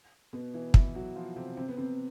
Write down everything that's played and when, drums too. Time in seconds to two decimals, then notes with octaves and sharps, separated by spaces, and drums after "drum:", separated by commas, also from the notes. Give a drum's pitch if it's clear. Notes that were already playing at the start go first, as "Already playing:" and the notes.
0.33 B2 B3
0.54 E3 E4
0.74 E3 E4, drum: kick
0.95 F#3 F#4
1.16 F3 F4
1.36 C3 C4
1.57 C3 C4
1.68 B3
1.77 C3 C4